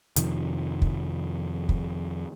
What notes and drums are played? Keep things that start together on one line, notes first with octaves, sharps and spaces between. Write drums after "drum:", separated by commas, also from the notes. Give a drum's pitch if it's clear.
F2 C3 D#3 F3, drum: hi-hat
drum: kick
drum: kick